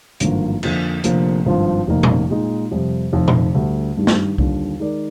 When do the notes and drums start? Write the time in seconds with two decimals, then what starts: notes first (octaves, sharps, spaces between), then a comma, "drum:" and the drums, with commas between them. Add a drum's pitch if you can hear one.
0.20 G#1 G2 D3 F3 A#3, drum: hi-hat
0.63 F2 D3 F3 A#3, drum: cymbal
1.04 F1 F2 D3 F3 A#3, drum: hi-hat
1.46 G#1 G2 F3 C4 F4
1.87 F1 F2 D#3 A#3 D#4
2.03 drum: tom A#2
2.30 A#2 G#3 D#4
2.71 F2 C3 G3
3.12 F1 F2 C3 D#3
3.28 drum: tom A#2
3.54 D2 D3 G3
3.97 G2 D#3 G3
4.07 drum: snare
4.38 D#2 D3 G3 D4 F4, drum: kick C2
4.80 D#3 G#3 D#4 A#4 D5